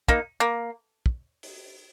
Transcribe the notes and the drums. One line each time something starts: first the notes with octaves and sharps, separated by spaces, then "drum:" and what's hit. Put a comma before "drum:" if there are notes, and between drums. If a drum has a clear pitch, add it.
A#3 D#4, drum: kick
A#3
drum: kick
drum: open hi-hat